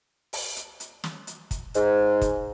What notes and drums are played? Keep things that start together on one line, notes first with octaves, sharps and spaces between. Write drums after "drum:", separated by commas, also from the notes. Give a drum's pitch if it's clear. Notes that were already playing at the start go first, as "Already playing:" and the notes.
drum: open hi-hat
drum: hi-hat
drum: hi-hat
drum: snare
drum: hi-hat
drum: kick, hi-hat
G#2, drum: hi-hat
drum: kick, hi-hat